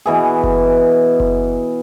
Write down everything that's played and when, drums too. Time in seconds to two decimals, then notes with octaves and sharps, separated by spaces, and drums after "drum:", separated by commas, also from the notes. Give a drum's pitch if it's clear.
0.06 B2 E3 G#4
0.44 drum: kick F#1
1.20 drum: kick F#1